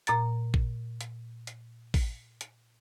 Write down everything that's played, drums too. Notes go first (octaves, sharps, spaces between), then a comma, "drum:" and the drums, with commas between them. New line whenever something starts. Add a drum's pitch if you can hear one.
A#2 A#5 A6, drum: hi-hat
drum: kick A1
drum: hi-hat
drum: hi-hat
drum: kick A1, open hi-hat
drum: hi-hat